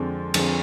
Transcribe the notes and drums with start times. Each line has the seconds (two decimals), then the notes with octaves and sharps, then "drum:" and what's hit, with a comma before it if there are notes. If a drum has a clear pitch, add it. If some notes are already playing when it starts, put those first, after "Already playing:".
Already playing: F2 D3 F3 G#3
0.34 F2 D3 F3 G#3, drum: cymbal